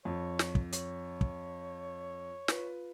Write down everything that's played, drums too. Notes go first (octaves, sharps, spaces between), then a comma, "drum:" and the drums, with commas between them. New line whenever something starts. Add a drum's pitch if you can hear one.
F2 C#5
drum: snare
drum: kick
C#5, drum: hi-hat
drum: kick
F4 B4, drum: snare